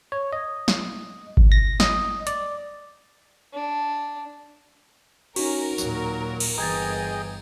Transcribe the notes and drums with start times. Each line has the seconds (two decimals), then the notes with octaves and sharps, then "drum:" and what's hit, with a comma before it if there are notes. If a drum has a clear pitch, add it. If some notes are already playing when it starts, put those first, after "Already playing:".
0.12 C#5
0.33 D#5
0.68 drum: snare
1.37 drum: kick G#1
1.52 A#6
1.80 D#5, drum: snare
2.27 D5, drum: hi-hat
3.54 D4
5.36 C#4 D#4 F#4 A#4, drum: cymbal
5.78 D#2 A#2 F#3, drum: tambourine
6.40 drum: cymbal
6.58 G1 E3 G#4 D#5 G5 A#5 G#6 A6